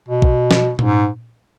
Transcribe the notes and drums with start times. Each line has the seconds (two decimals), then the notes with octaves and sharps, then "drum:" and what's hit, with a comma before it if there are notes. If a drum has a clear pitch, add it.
0.09 B2
0.22 drum: kick
0.51 drum: snare
0.79 G#2, drum: tom A#2